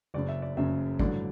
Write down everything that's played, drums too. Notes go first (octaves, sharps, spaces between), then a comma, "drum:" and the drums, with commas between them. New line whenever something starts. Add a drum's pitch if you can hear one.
F#1 F#2 C#3 D5
E5
D5
F#1 F#2 C#3 E5
A1 G2 D3 F#3 D5, drum: kick G#1